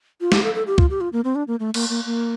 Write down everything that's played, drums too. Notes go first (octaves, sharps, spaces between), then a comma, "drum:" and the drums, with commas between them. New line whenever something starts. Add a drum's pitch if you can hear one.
F4
G4, drum: snare
A4
A4
G4
F4, drum: kick
G4
F4
A#3
C4
D4
A#3
A3
A#3, drum: cymbal
A#3
A#3